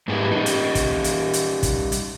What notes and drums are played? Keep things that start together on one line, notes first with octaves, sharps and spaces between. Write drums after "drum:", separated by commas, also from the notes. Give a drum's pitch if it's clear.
G#2 G3 B3 D#4 G#4
G3 C#4 D#4
drum: hi-hat
drum: kick, hi-hat
drum: hi-hat
drum: hi-hat
drum: kick, hi-hat
drum: hi-hat